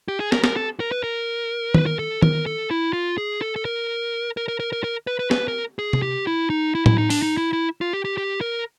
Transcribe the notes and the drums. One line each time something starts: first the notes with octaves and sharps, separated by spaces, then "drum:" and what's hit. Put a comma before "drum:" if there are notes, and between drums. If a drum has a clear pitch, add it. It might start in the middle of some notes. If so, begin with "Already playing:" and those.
G4
G#4
A#4, drum: snare
A#4, drum: snare
A4
A#4
B4
A#4
B4, drum: tom D#3
A#4
A4
A#4, drum: tom D#3
A4
E4
F4
G#4
A4
A4
A#4
A#4
A#4
A#4
A#4
A#4
B4
B4
B4, drum: snare
A#4
G#4
drum: tom C3
G4
E4
D#4
E4
E4, drum: tom A2
D#4
D4, drum: open hi-hat
D#4
E4
E4
F4
G4
G4
G4
A#4